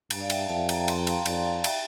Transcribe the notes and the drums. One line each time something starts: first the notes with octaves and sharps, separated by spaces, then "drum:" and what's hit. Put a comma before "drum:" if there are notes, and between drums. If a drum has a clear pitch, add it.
G2, drum: cymbal
D5 F5
E5 G5, drum: cymbal
F5 A5
F2 F5 A5
G5 A#5, drum: cymbal
A5 C6, drum: cymbal
G5 A#5
F5 A5, drum: cymbal
F2 D5 F5, drum: cymbal
F5 A5
E5 G5, drum: cymbal